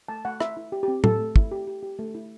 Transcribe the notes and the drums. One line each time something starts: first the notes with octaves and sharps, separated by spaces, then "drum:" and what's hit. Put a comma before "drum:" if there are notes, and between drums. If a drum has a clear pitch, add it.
A3 A5
A3 F#5
E4 E5, drum: rim click
E4
G4
C4 G4
A3 A4, drum: tom A2
A3
E4, drum: kick
G4
G4
G4
A3
E4